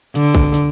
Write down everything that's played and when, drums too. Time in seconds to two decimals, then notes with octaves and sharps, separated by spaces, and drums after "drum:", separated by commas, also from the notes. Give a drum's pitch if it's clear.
0.15 D3, drum: hi-hat
0.35 drum: kick
0.54 drum: hi-hat